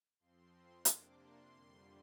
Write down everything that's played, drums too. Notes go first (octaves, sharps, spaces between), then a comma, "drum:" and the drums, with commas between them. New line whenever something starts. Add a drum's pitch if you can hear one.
F2 F3 C4 C6
C6
C3 A#3 D4 D6, drum: hi-hat
C6
F2 D3 G3